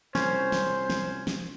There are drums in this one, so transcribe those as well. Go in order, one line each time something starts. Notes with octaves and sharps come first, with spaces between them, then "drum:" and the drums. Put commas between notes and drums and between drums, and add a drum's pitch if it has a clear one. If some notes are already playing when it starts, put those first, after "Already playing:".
C2 C#4 C5, drum: snare
drum: snare
drum: snare
drum: snare